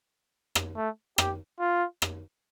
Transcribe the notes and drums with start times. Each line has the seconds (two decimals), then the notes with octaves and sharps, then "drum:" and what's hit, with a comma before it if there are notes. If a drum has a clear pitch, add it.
0.55 drum: rim click
0.77 A3
1.18 G4, drum: rim click
1.60 F4
2.02 drum: rim click